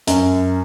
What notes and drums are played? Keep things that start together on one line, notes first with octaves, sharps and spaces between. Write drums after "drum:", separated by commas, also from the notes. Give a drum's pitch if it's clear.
F#2, drum: hi-hat